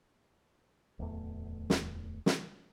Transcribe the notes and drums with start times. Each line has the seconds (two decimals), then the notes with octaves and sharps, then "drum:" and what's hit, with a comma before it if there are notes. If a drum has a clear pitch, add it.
0.99 D1 E2 A3
1.70 drum: snare
2.26 drum: snare